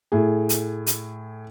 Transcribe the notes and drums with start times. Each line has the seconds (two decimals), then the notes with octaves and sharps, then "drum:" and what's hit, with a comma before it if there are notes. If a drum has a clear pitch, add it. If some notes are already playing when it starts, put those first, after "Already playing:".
0.12 A2 G#4
0.49 drum: hi-hat
0.87 drum: hi-hat